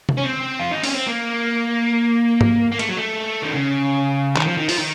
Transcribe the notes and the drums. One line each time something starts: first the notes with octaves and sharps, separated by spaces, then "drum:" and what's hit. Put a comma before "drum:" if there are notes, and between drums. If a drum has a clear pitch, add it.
drum: tom C3
C#4
C4
F4
D#4
C#4, drum: open hi-hat
C4
A#3
drum: tom G#2
A#3
A3, drum: cymbal
F#3
A3
D#3
C#3
D#3, drum: clap
F3
D#3
F3, drum: open hi-hat
D#3